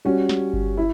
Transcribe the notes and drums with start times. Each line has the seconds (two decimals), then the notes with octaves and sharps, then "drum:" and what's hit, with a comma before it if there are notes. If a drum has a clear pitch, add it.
0.05 G3 C#4 F#4
0.29 drum: snare
0.53 drum: kick G1
0.77 E4